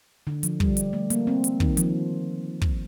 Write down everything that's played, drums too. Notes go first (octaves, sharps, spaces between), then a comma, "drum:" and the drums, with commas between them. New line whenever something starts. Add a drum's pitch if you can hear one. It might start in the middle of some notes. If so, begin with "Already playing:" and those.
D3
F3, drum: hi-hat
G3, drum: kick
drum: hi-hat
A3
A#3, drum: hi-hat
C4
drum: hi-hat
D#3, drum: kick
F3, drum: hi-hat
drum: kick